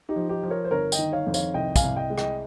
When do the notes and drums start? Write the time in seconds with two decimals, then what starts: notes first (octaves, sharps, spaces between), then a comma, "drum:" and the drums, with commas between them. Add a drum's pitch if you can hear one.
0.09 D#4 G4
0.16 F3
0.29 D#4 G4
0.43 F3
0.50 A#4 C#5
0.64 C5
0.71 G1 A#4 C#5
0.92 D#5 G5, drum: tambourine
0.98 D#3
1.12 C#5 F5
1.27 F2
1.34 C#5 F5, drum: tambourine
1.54 C2 D#5 G5
1.76 F5 G#5, drum: kick, tambourine
1.83 C2
1.96 D#5 G5
2.10 G#3
2.18 D#5 G5, drum: rim click